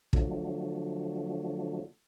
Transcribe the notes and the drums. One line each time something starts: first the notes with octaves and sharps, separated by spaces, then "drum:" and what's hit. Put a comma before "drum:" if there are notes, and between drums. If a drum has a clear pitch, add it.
D3 F3 F#3 A3, drum: kick